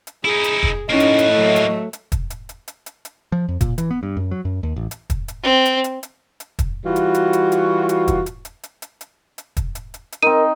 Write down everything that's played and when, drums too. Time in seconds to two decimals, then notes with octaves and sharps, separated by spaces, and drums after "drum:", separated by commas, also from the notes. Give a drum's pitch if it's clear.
0.07 drum: hi-hat
0.25 D#4 E4 G#4
0.44 drum: hi-hat
0.63 drum: kick
0.90 A2 A#3 C#4 D#4 F#4 D#5
1.00 drum: hi-hat
1.19 drum: hi-hat
1.32 F#3 A3
1.56 drum: hi-hat
1.93 drum: hi-hat
2.12 drum: kick, hi-hat
2.30 drum: hi-hat
2.49 drum: hi-hat
2.68 drum: hi-hat
2.86 drum: hi-hat
3.05 drum: hi-hat
3.32 F3
3.48 F2
3.61 A#2, drum: kick, hi-hat
3.78 E3, drum: hi-hat
3.91 B3
4.03 G2
4.17 F#2
4.31 F#3
4.45 F#2
4.63 D#2
4.76 A1
4.91 drum: hi-hat
5.10 drum: kick, hi-hat
5.28 drum: hi-hat
5.43 C4
5.66 drum: hi-hat
5.84 drum: hi-hat
6.03 drum: hi-hat
6.40 drum: hi-hat
6.59 drum: kick, hi-hat
6.85 E3 G3 F4 F#4
6.96 drum: hi-hat
7.14 drum: hi-hat
7.33 drum: hi-hat
7.52 drum: hi-hat
7.89 drum: hi-hat
8.08 drum: kick, hi-hat
8.26 drum: hi-hat
8.45 drum: hi-hat
8.63 drum: hi-hat
8.82 drum: hi-hat
9.01 drum: hi-hat
9.38 drum: hi-hat
9.57 drum: kick, hi-hat
9.75 drum: hi-hat
9.94 drum: hi-hat
10.12 drum: hi-hat
10.22 C4 D#4 A#4 D#7